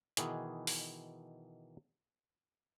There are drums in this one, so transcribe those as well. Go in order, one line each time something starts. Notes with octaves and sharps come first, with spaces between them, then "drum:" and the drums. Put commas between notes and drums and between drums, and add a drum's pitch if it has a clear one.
B2 D#3 E3 G#4, drum: hi-hat
drum: open hi-hat